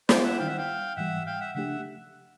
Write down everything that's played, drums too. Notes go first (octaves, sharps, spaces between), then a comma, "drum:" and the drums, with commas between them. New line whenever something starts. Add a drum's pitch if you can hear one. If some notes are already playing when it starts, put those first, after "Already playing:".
C5 D5, drum: snare
E5 F#5
D#3 G3 C4 D#4 F5 G5
E5 F#5
F5 G5
G#2 E3 G3 E5 F#5
F5 G5
E5 F#5
C#3 F3 A3 D4 G4 E5 F#5